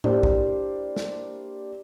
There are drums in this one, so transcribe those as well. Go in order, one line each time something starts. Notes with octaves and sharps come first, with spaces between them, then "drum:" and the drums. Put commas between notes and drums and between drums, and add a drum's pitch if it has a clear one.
A#3 D4 E4 G4 C5 D5, drum: tom A2
drum: kick
drum: snare